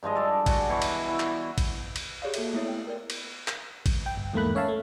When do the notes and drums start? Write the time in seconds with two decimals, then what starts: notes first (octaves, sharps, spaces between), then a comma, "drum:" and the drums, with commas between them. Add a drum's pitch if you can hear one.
0.03 G2 F3 G#3 D#5
0.16 A4 D5
0.46 F#4 D5 F#5 G#5, drum: kick A1, cymbal
0.69 B2 E3 C#6
0.82 drum: cymbal
1.08 E4
1.20 drum: clap
1.58 drum: kick A1, cymbal
1.96 drum: cymbal
2.22 G4 G#4 C#5 D5 F5
2.34 A#3 F#4 A4 E5, drum: cymbal
2.53 A3 B3 E4 C#5 E5
2.68 G5
2.87 A#4 D5
3.10 drum: cymbal
3.48 drum: clap
3.86 drum: kick A1, cymbal
4.06 G5
4.17 G1
4.33 E2 G#2 A3 A#3 B5 F#6
4.55 C#4 C#5 E5 F5 A5
4.68 A3